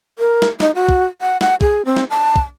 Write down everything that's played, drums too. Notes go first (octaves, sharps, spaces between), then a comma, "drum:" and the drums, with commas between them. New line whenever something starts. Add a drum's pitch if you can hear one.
A#4
drum: snare
D#4, drum: snare
F#4
drum: kick
F#5
F#5, drum: snare
G#4, drum: kick
C4
drum: snare
A5
drum: kick